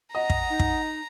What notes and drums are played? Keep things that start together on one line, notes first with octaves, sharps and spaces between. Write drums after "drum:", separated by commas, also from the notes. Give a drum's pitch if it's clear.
D#5 F#5 A#5
drum: kick
D#4
drum: kick